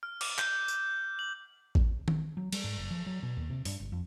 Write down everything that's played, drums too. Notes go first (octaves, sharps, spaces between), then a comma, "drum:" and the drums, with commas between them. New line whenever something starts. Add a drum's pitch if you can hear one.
F6
D6, drum: cymbal
G6, drum: clap
drum: tambourine
F#7
drum: kick A1
drum: tom D#3
F#3
G3, drum: cymbal
G#2
F#1
F3
F#3
B2
D#2
C3
G2, drum: open hi-hat
G1
F2